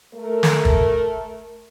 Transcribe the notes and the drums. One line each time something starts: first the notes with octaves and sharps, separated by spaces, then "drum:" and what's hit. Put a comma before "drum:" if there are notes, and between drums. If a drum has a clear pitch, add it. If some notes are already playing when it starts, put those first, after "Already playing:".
A3 A#4
drum: snare
drum: kick